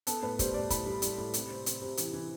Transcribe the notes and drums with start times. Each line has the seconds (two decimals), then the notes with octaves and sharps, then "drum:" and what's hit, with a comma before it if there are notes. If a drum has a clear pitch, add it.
0.07 B3 A4, drum: hi-hat
0.22 A2 B4
0.39 G3 C5, drum: kick, hi-hat
0.54 A2 D5
0.70 E4 B5, drum: kick, hi-hat
0.86 G3
1.02 G3, drum: hi-hat
1.18 A2
1.34 C3, drum: hi-hat
1.49 C4
1.66 C4, drum: hi-hat
1.81 C3
1.97 E3, drum: hi-hat
2.13 E3